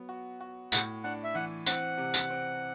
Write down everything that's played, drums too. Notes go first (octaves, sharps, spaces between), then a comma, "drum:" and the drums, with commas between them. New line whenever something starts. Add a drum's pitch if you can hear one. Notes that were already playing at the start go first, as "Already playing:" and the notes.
Already playing: F#3 B3
F#4
F#4
A2 F#5, drum: tambourine
D4 F#5
E5
E3 F#5
C4 F#5, drum: tambourine
C3
drum: tambourine
C4